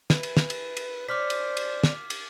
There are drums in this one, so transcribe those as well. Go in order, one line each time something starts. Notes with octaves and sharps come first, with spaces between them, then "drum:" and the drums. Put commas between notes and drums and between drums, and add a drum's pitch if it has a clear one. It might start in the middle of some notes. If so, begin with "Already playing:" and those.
E3 B4, drum: snare
drum: cymbal
drum: snare
drum: cymbal
drum: cymbal
C#4 D4 C5 D6 F6 B6
drum: cymbal
drum: cymbal
drum: snare
drum: cymbal